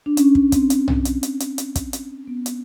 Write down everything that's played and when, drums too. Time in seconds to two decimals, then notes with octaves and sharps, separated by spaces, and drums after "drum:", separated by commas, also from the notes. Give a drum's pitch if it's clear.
0.06 D4
0.17 C#4, drum: hi-hat
0.35 drum: kick
0.52 C4, drum: kick, hi-hat
0.70 drum: hi-hat
0.88 drum: tom
1.05 drum: hi-hat
1.23 drum: hi-hat
1.40 drum: hi-hat
1.58 drum: hi-hat
1.75 drum: kick, hi-hat
1.93 drum: hi-hat
2.28 B3
2.46 drum: hi-hat